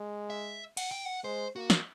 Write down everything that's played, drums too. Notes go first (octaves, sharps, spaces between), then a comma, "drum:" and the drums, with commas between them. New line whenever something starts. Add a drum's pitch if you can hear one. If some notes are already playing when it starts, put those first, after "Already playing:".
Already playing: G#3
E5
F#5, drum: cymbal
G5
F#5
G#3 C5
A#3 F#4
drum: snare